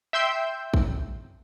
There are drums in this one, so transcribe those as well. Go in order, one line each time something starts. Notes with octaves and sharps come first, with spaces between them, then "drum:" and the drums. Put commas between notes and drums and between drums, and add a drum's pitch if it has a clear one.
E5 G5 C6 E6 G6
drum: kick